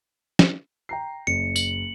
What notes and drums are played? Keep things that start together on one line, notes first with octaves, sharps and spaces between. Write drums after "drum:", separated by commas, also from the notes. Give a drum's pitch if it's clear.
drum: snare
G5 A#5 C7
F#1 C#7
F#7, drum: tambourine